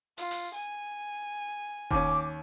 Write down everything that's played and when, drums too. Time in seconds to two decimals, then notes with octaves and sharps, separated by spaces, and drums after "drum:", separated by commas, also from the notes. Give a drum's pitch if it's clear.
0.18 F4, drum: open hi-hat
0.31 drum: open hi-hat
0.54 G#5
1.91 D#2 C#4 D6, drum: kick F1